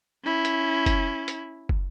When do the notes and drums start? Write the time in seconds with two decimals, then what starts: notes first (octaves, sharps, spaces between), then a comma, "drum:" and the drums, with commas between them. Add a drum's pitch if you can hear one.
0.24 C#4 E4
0.45 drum: hi-hat
0.86 drum: kick, hi-hat
1.28 drum: hi-hat
1.69 drum: kick